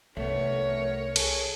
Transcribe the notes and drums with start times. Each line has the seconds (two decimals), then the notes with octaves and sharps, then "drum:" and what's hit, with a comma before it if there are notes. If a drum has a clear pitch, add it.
0.17 C2 A3 B3 A#4 C#5
1.16 G#4 A4, drum: cymbal